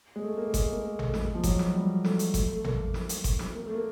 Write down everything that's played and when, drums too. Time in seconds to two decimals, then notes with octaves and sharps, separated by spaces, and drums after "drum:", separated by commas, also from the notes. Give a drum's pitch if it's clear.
0.16 G#3
0.24 A3
0.37 A#3
0.45 A3
0.54 G#3, drum: kick G1, hi-hat
0.72 A#3
0.85 A3
0.99 drum: tom A1
1.09 A3
1.14 G#3, drum: snare
1.35 F3
1.43 F#3, drum: kick G1, hi-hat
1.59 drum: snare
1.75 G3
2.04 A3, drum: snare
2.19 drum: hi-hat
2.34 A3, drum: kick G1, hi-hat
2.52 A3
2.65 A#3, drum: tom A1
2.94 drum: snare
3.09 drum: hi-hat
3.24 drum: kick G1, hi-hat
3.39 drum: snare
3.55 A#3
3.66 A3
3.75 A#3